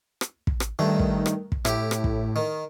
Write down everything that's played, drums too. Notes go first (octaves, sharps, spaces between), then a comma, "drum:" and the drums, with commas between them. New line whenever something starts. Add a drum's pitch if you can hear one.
drum: rim click
drum: kick
drum: rim click
G2 D#3 A3
drum: kick
drum: rim click
drum: kick
A2 E4 G4, drum: rim click
drum: rim click
drum: kick
D#3